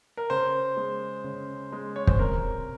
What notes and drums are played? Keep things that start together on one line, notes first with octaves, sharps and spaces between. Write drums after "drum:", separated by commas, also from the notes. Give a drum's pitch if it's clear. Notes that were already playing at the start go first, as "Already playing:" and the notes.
A#4
C#3 C5
G#3
C#3
G#3
C#5
C5, drum: kick
C3 A#4